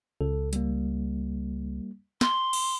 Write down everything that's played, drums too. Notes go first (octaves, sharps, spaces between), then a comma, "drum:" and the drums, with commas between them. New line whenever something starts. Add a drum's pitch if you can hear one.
C#2 A4
G3 A#3, drum: hi-hat
C6, drum: snare
drum: cymbal